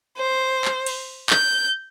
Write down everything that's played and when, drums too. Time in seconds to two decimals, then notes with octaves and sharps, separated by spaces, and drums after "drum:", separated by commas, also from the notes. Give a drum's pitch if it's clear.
0.17 C5
0.65 drum: clap
0.86 drum: cymbal
1.30 G6, drum: clap